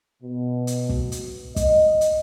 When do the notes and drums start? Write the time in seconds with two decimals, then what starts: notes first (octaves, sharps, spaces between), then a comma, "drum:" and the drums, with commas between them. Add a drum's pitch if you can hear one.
0.23 B2
0.67 drum: hi-hat
0.89 drum: kick
1.12 drum: hi-hat
1.56 D#5, drum: kick, hi-hat
2.01 drum: hi-hat